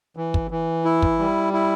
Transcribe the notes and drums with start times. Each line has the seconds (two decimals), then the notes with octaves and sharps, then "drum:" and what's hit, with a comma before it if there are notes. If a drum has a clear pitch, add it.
0.17 E3
0.34 drum: kick
0.51 E3
0.85 E4
1.02 drum: kick
1.19 G3
1.53 E4